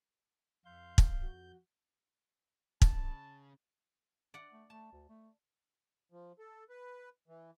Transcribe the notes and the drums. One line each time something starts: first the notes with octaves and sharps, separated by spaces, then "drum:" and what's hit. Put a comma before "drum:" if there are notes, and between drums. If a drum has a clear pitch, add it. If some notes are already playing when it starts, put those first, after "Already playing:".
F2 F5 C6 G6
drum: kick
F#4
C#3 A5, drum: kick
D5 F#5
A3
A3 A5
D2
A3
F3
A4
B4
E3